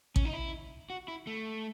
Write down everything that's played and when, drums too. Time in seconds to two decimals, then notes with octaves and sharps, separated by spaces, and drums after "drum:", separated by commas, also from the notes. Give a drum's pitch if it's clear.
0.16 C#4, drum: kick A1
0.25 D#4
0.34 E4
0.90 F#4
1.08 E4
1.27 A3